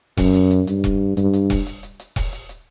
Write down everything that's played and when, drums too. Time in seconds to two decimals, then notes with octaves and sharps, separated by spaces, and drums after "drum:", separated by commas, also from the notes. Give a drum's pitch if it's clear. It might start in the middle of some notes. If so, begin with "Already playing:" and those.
0.17 F#2, drum: kick E1, open hi-hat
0.34 drum: hi-hat
0.51 drum: hi-hat
0.67 G2, drum: hi-hat
0.84 drum: kick E1
1.17 G2, drum: hi-hat
1.33 drum: hi-hat
1.50 drum: kick E1, open hi-hat
1.66 drum: hi-hat
1.83 drum: hi-hat
2.00 drum: hi-hat
2.16 drum: kick E1, open hi-hat
2.33 drum: hi-hat
2.49 drum: hi-hat